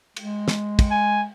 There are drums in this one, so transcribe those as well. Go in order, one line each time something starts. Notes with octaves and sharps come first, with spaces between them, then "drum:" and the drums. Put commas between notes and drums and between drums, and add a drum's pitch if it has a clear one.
G#3, drum: cymbal
drum: snare
drum: kick, cymbal
G#5